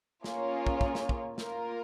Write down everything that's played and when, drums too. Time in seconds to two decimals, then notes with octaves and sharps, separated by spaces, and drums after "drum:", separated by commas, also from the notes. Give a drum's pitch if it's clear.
0.24 A#3 C#4 F4 G#4 C#5, drum: snare
0.67 drum: kick
0.81 drum: kick
0.95 drum: snare
1.09 drum: kick
1.38 A#3 F4 A#4, drum: snare